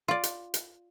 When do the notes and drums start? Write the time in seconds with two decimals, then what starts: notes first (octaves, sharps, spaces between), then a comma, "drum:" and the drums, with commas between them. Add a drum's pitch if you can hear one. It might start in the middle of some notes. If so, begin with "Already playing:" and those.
0.08 F4 D5
0.23 drum: hi-hat
0.54 drum: hi-hat